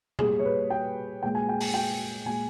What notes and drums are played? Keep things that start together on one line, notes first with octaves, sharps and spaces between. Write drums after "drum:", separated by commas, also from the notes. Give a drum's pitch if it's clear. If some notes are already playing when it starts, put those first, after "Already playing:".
A#2 G3 G#4, drum: tom B2
C#5
B4
G5
A#2 G#3 G5
G#5
G5
G#5, drum: open hi-hat
G5
A#2 G#3 G#5